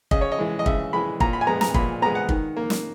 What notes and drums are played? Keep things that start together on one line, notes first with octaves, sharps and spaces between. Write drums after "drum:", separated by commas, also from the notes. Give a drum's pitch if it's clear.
C#3 D#5, drum: kick
C#5
D#5
E3 G#3
D#5
C#3 E5, drum: kick
E3 G#3 B5
A#2 A#5, drum: kick
B5
G#5
G#3 B3 A#5
A#5, drum: snare
A#2 B5, drum: kick
G#3 B3 A#5
F#5
D#3, drum: kick
A#3
drum: snare